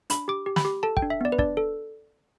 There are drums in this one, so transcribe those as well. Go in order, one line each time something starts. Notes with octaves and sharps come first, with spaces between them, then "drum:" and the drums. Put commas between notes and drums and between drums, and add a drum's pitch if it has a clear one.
D4 B5, drum: hi-hat
G4 D6
G4
B5, drum: snare
G4
A4 A5
G5, drum: kick
D4
E5
B3 D5
B4
D4 D5, drum: kick
A4